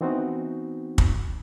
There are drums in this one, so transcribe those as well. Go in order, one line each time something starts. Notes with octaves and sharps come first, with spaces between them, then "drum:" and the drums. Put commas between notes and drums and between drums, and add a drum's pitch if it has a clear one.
E3 B3 C4 D#4 F#4
drum: kick